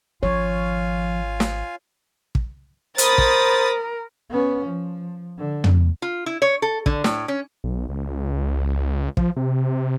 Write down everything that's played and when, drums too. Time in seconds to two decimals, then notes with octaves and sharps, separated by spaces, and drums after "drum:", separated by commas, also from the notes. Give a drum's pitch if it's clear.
0.23 G#1 F3 F4 C#5 F5 G#5
1.40 drum: snare
2.35 drum: kick
2.98 A#4 C5 B5 D#6 A6, drum: hi-hat
3.18 drum: kick
4.30 B3 C#4
4.65 F3
5.38 D3
5.64 drum: tom
6.02 F4
6.26 E4
6.42 C#5
6.62 A4
6.86 D3, drum: kick
7.04 A2, drum: snare
7.28 C#4
7.64 B1
7.89 C#2
9.17 F3, drum: kick
9.37 C3